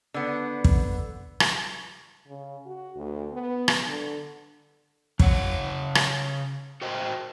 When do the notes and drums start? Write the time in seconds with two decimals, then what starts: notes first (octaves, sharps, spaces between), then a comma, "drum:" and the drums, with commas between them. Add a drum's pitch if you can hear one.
0.14 D3 B3
0.64 drum: kick
1.40 drum: rim click
2.28 C#3
2.66 F#4
2.97 D2
3.32 B3
3.68 drum: rim click
3.87 D3
5.19 C#3 C#5 F#5, drum: kick
5.95 drum: rim click
6.82 F#4 A#4 C5 D#5 G5